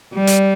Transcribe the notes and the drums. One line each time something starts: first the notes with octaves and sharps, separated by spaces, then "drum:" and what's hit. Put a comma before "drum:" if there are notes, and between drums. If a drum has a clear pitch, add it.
G3
drum: hi-hat